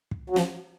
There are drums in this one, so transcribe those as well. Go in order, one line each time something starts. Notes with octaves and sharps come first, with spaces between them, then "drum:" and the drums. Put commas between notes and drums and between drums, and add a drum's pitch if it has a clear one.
drum: kick
F#3
F3, drum: snare